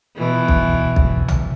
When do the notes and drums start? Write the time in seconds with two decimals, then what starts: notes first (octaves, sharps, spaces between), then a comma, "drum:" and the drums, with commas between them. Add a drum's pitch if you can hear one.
0.17 B2 E3
0.48 drum: kick
0.96 drum: kick
1.28 drum: tom A#1